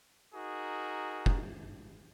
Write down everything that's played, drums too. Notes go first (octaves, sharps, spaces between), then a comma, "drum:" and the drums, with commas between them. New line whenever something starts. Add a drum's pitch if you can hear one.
D#4 F#4 G#4 A#4
drum: kick